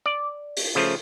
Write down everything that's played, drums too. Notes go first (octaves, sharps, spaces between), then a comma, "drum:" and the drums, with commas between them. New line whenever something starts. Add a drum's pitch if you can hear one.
D5
drum: open hi-hat
C#3 F3 A3